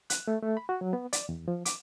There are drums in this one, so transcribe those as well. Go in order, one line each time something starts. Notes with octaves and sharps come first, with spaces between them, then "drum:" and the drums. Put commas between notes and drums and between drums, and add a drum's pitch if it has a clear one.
F#6, drum: hi-hat
A3
A3
B5
F#4
F#3
B3
D5, drum: hi-hat
E2
F3
D6, drum: hi-hat